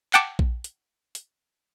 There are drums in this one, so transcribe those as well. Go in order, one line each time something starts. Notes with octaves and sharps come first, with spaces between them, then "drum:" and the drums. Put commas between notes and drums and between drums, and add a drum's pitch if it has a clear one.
F#5 G5 A5 D6, drum: clap
drum: kick A#1
drum: hi-hat
drum: hi-hat